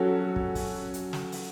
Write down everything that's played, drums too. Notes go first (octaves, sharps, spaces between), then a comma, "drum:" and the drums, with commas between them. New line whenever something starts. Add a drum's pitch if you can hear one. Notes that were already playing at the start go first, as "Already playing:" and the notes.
Already playing: F#3 C#4 F#4 A4
drum: kick
drum: kick, open hi-hat
drum: hi-hat
drum: snare
drum: open hi-hat